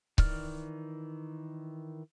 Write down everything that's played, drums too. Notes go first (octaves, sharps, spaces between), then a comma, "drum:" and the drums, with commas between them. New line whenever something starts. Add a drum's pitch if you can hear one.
D#3 E3 D5 F6, drum: kick C#1